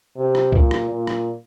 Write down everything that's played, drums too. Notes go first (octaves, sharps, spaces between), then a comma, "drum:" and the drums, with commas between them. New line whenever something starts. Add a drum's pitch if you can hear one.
C3
drum: rim click
A#2, drum: kick
drum: rim click
A#2
drum: rim click